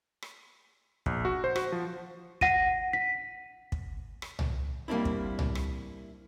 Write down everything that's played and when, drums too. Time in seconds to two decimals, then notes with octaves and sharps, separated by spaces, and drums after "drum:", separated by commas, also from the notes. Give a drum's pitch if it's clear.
0.22 drum: rim click
1.06 A#1, drum: kick
1.25 F#4
1.44 C5
1.56 F#4, drum: rim click
1.72 F3
2.41 F#5 A#6 D#7, drum: kick
2.93 B6
3.72 drum: kick
4.22 drum: rim click
4.39 drum: tom C2
4.88 G3 A#3 C4 D4 E4
5.05 drum: kick
5.39 drum: tom C2
5.55 drum: rim click